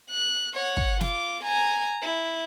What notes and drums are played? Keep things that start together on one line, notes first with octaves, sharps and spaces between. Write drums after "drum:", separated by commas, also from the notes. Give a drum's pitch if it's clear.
F#6
C#5 F#5
drum: kick
F4 D6, drum: snare
G#5 A#5
E4